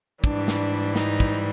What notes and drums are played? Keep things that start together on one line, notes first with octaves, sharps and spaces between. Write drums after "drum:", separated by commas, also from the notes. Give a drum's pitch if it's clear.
G#2 E3 G3 D4, drum: kick
drum: snare
D#4, drum: snare
drum: kick